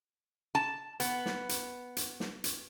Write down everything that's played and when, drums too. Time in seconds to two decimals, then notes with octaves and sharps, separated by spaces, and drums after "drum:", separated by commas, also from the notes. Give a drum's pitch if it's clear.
0.55 A5
1.00 B3, drum: hi-hat
1.26 drum: snare
1.49 drum: hi-hat
1.97 drum: hi-hat
2.20 drum: snare
2.44 drum: hi-hat